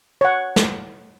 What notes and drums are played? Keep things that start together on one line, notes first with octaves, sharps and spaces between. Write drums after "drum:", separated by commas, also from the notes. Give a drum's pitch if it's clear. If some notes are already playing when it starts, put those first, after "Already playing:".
C#5 F#5
drum: snare